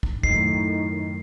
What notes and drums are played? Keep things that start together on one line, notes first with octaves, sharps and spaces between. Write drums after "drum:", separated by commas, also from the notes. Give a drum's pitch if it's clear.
drum: kick
F#2 A2 D#3 D#4 C7, drum: kick